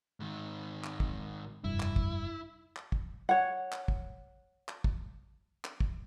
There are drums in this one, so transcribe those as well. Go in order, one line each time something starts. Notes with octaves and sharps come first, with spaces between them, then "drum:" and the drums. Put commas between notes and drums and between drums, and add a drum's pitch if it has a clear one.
G#2 D#3
drum: clap
drum: kick
F1 G2 E4
drum: clap
drum: kick
drum: clap
drum: kick
C#5 F#5
drum: clap
drum: kick
drum: clap
drum: kick
drum: clap
drum: kick